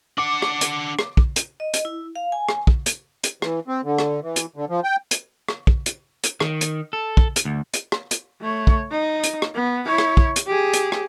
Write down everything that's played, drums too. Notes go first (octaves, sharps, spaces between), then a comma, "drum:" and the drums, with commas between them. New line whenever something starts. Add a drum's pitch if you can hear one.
D4 F#5 D6
drum: rim click
drum: hi-hat
drum: rim click
drum: kick
drum: hi-hat
D#5
drum: hi-hat
E4
F5
G#5
drum: rim click
drum: kick
drum: hi-hat
drum: hi-hat
E3, drum: rim click
C4
D3
drum: rim click
E3
drum: hi-hat
D3
F3
G5
drum: hi-hat
drum: rim click
drum: kick
drum: hi-hat
drum: hi-hat
D#3, drum: rim click
drum: hi-hat
A4
drum: kick
drum: hi-hat
D2
drum: hi-hat
drum: rim click
drum: hi-hat
A3 C#5
drum: kick
D#4
drum: hi-hat
drum: rim click
B3
E4 C#5
drum: rim click
drum: kick
drum: hi-hat
G4 G#4
drum: hi-hat
drum: rim click